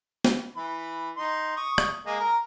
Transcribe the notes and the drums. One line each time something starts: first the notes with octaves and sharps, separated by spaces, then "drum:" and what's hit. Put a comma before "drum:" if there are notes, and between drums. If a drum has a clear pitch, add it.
drum: snare
E3 B5
D#4 C6
C#6 D#6
drum: rim click
G#3 A#3 D#5
A#4 A#5